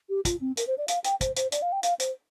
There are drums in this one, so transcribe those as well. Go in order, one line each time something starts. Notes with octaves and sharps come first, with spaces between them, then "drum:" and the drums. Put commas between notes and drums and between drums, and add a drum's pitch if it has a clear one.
G4
F4, drum: kick, hi-hat
C4
A#4, drum: hi-hat
C5
D5
F5, drum: hi-hat
G5, drum: hi-hat
C5, drum: kick, hi-hat
C5, drum: hi-hat
D5, drum: hi-hat
F5
G5
F5, drum: hi-hat
C5, drum: hi-hat